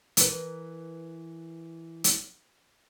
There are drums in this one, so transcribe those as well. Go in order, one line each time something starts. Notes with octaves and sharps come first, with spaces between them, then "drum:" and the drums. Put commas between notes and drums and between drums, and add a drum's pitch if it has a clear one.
E3 A#4 B4, drum: hi-hat
drum: hi-hat